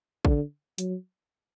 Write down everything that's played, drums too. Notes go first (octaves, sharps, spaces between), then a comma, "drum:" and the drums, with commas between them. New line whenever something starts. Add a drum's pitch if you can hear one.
D3, drum: kick
F#3, drum: hi-hat